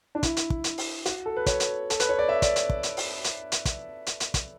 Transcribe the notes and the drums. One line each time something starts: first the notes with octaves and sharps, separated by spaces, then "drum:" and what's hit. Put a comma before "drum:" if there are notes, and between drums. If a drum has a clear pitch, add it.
D4
E4, drum: kick, hi-hat
drum: hi-hat
drum: kick
drum: hi-hat
drum: open hi-hat
F#4, drum: hi-hat
A4
B4
C#5, drum: kick, hi-hat
drum: hi-hat
A4, drum: hi-hat
B4, drum: hi-hat
C#5
D5
E5
D5, drum: kick, hi-hat
drum: hi-hat
drum: kick
drum: hi-hat
drum: open hi-hat
drum: hi-hat
drum: hi-hat
drum: kick, hi-hat
drum: hi-hat
drum: hi-hat
drum: kick, hi-hat